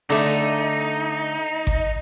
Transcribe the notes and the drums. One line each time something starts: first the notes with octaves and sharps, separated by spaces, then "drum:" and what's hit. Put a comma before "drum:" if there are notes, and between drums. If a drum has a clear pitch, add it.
D3 A3 D#4, drum: open hi-hat
drum: kick G#1